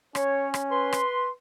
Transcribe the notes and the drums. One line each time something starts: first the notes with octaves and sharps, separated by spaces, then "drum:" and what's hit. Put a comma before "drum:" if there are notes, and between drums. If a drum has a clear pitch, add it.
C#4 C#5, drum: rim click
drum: rim click
B4 C6
drum: rim click